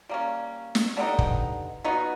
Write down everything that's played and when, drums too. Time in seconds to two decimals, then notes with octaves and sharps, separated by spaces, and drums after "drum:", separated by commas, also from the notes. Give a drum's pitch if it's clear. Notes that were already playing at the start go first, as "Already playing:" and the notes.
0.09 G3 A#3 C#4
0.75 drum: snare
0.97 D3 G3 B3 D#4
1.19 drum: kick
1.84 B3 D#4 F#4